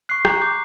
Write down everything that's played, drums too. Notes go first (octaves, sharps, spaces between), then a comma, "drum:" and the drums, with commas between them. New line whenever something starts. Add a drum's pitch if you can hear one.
C#6 F#6 C7
A#5, drum: rim click
D6 G6